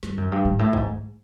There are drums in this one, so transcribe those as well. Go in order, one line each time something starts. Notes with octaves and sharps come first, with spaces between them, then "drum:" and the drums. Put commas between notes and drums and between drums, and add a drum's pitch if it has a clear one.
G2, drum: snare
F#2
G2
G#2
A2
G#2, drum: kick
G#2